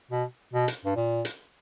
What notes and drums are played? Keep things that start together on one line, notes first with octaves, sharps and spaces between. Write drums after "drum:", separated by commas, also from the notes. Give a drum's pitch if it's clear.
B2
B2
drum: hi-hat
G2
A#2
drum: hi-hat